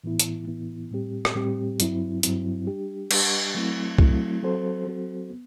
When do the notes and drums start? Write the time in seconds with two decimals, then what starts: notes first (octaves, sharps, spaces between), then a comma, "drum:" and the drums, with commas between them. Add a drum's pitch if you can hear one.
0.04 A2 E3 B3 E4
0.19 drum: hi-hat
0.47 A2 E3 B3 E4
0.91 A2 G3 C4 G4
1.25 drum: rim click
1.35 A2 G3 C4 G4
1.80 G2 F#3 C4 E4, drum: hi-hat
2.23 G2 F#3 C4 E4, drum: hi-hat
2.67 G3 D4 G4
3.11 G3 D4 G4, drum: cymbal
3.55 F#3 A3 C4 E4
3.99 F#3 A3 C4 E4, drum: kick C2
4.43 F#3 C4 F#4 A4 C5
4.87 F#3 C4 F#4 A4 C5
5.30 B3